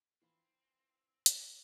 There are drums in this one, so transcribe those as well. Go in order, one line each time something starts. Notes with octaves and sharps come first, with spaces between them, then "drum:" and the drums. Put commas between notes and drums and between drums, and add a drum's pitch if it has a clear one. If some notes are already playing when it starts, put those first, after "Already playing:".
E3 C4 F4 B5
drum: hi-hat